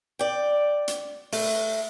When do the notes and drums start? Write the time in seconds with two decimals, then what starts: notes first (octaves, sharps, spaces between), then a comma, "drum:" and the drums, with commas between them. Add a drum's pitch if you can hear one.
0.19 D5 G5
0.88 drum: hi-hat
1.33 A3, drum: open hi-hat